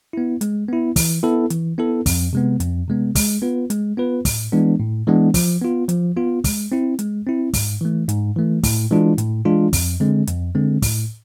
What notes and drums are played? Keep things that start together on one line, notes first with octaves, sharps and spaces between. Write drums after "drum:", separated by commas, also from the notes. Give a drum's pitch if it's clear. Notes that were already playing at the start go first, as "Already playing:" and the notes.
B3 E4
G#3, drum: hi-hat
B3 E4
E3, drum: kick, open hi-hat
B3 E4 A4
E3, drum: hi-hat
B3 E4 A4
F2, drum: kick, open hi-hat
C3 G#3 B3
F2, drum: hi-hat
C3 G#3 B3
G#3, drum: kick, open hi-hat
B3 F4 B4
G#3, drum: hi-hat
B3 F4 B4
A2, drum: kick, open hi-hat
E3 G#3 B3 D4
A2
E3 G#3 B3 D4
F3, drum: kick, open hi-hat
B3 F4
F3, drum: hi-hat
B3 F4
G#3, drum: kick, open hi-hat
C4 E4
G#3, drum: hi-hat
C4 E4
G#2, drum: kick, open hi-hat
E3 A3
G#2, drum: hi-hat
E3 A3
A2, drum: kick, open hi-hat
E3 G#3 D4 F4
A2, drum: hi-hat
E3 G#3 D4 F4
F2, drum: kick, open hi-hat
D3 G#3 C4
F2, drum: hi-hat
D3 G#3 C4
A2, drum: kick, open hi-hat